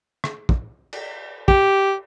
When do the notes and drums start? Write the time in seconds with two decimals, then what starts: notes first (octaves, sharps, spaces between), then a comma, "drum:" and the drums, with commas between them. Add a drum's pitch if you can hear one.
0.24 drum: rim click
0.49 drum: kick
0.93 drum: cymbal
1.48 G4, drum: kick